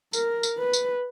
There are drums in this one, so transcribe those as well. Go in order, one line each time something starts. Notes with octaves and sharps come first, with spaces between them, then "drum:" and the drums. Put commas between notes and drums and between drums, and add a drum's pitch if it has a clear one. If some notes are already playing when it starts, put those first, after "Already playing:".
A#4, drum: tambourine
drum: tambourine
B4
drum: tambourine